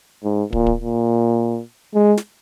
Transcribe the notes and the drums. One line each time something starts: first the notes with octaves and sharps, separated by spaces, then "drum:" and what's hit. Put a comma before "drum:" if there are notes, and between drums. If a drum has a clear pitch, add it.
G#2
A#2, drum: kick
drum: kick
A#2
G#3
drum: snare